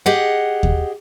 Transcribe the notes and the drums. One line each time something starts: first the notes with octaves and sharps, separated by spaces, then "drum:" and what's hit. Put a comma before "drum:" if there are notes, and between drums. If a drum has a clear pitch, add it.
G4 G#4 D#5 F#5
drum: kick D#2